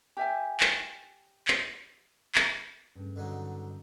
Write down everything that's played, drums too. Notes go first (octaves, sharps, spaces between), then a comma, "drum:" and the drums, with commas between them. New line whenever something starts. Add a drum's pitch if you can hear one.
G4 E5 G#5
drum: clap
drum: clap
drum: clap
G2 C#3 A3
D3 F#3 D#4